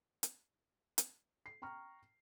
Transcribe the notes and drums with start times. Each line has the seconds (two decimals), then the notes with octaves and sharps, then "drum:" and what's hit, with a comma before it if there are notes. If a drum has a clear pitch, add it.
0.23 drum: hi-hat
0.98 drum: hi-hat
1.46 C7
1.62 G5 A#5 C#6 F6